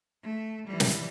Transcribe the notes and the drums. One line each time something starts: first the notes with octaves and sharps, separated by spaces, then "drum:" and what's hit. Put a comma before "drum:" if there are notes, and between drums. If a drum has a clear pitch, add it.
A3
E3 G3
drum: snare